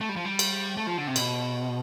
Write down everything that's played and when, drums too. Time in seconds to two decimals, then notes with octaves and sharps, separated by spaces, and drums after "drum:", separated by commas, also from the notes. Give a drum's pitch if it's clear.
0.01 A3
0.09 G3
0.16 F3
0.25 G3
0.39 drum: cymbal
0.77 A3
0.87 F3
0.98 D3
1.07 C3
1.16 B2, drum: cymbal